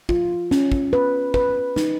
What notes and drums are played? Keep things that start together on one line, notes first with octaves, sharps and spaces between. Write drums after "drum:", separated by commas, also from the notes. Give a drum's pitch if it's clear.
F4, drum: kick
C#4, drum: snare
drum: kick
B4
B4, drum: kick
D#4, drum: snare